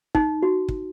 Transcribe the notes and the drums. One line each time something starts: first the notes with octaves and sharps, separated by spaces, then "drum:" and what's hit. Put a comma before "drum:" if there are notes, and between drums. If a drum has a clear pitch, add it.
D#4, drum: kick
F#4
drum: kick